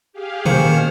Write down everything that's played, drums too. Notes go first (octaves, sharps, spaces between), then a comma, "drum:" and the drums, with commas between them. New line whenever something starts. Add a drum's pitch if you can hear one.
G4 G#4 F5
B2 D#3 A#3 C#4 G#4 C5 F6 C#7, drum: tom